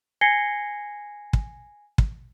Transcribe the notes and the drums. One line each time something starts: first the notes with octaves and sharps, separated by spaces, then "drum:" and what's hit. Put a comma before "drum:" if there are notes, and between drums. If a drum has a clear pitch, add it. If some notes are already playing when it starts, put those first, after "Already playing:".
G#5 G#6 A#6 C7 C#7 G7
drum: kick
drum: kick